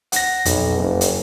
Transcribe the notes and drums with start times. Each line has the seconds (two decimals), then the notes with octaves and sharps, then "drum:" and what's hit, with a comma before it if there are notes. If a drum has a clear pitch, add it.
0.12 F#5 A#6, drum: hi-hat
0.45 B1 F2, drum: hi-hat
0.77 F#1
1.01 drum: hi-hat